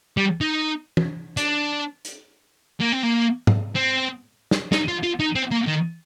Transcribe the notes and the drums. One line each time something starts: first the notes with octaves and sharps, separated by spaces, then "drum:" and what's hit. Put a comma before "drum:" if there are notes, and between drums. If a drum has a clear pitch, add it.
G3
D#4
drum: tom
D4, drum: hi-hat
drum: hi-hat
A#3
C4
A#3
drum: tom G#2
C4
drum: snare
D#4, drum: snare
F4
F4
D#4
C4
A#3
D#3